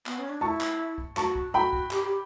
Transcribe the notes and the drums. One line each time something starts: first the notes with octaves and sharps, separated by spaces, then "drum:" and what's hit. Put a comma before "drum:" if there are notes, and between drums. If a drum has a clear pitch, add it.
B3, drum: clap
C#4
D4
E4 F#4 A5 C#6
drum: clap
drum: kick C2
F#4 A5 C#6, drum: clap
drum: kick C2
F#4 G5 B5
drum: kick C2
G4, drum: clap
G4